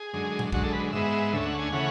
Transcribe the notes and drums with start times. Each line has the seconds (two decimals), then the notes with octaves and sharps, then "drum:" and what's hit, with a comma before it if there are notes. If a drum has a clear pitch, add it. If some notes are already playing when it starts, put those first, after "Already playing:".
Already playing: G#4
0.13 F#2 D3 G#3
0.39 drum: tom A#2
0.52 F#2 D3 G#3 F#4, drum: kick
0.63 A4
0.73 B4
0.93 G#2 G#3 B3 E5
1.32 D2 D3 A3 C#4 E5
1.45 F#5
1.59 G#5
1.72 C#3 E3 A3 C#4 F#5